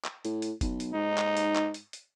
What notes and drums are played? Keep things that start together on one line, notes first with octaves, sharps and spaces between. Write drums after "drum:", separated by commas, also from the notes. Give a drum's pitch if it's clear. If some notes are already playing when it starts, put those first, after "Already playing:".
drum: clap
A2, drum: hi-hat
drum: hi-hat
B1, drum: kick F#1, hi-hat
drum: hi-hat
G#2 D#4
drum: clap
drum: hi-hat
drum: clap
drum: hi-hat
drum: hi-hat